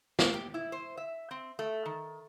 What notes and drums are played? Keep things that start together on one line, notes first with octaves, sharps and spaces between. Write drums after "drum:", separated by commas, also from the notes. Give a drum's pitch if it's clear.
A#3, drum: snare
G4
E4
C5
E5
C4
A3
D#3